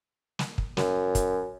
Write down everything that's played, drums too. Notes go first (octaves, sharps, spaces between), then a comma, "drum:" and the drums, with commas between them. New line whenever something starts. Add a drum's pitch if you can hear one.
drum: snare
drum: kick
F#2, drum: snare
drum: kick, hi-hat